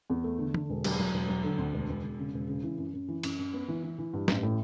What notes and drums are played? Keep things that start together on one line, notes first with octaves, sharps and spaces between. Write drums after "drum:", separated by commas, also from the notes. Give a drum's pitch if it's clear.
E2
A3
D3
D3, drum: tom
E1
F#3, drum: cymbal
F#3
E1
F#3
D3
D2
E1
E1
E1
C#3
E1
C#3
E3
F#2
F#2
E3
F#2, drum: cymbal
F#2
B3
E3
E3
E3
G2
A1, drum: snare
A2